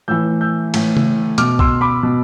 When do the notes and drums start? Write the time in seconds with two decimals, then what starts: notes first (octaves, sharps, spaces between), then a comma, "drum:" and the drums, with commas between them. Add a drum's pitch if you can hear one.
0.08 A2 E3 E6 G6
0.41 E6 G6
0.74 A2 E3, drum: cymbal
0.97 drum: tom C#3
1.38 B2 D6 F6, drum: hi-hat
1.59 C6 E6, drum: kick B1
1.81 B5 D6
2.03 B2